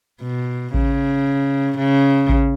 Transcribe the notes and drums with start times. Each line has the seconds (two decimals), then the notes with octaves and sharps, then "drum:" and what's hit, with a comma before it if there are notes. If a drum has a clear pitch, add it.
0.22 B2
0.74 C#3, drum: kick A1
1.78 C#3
2.29 drum: kick A1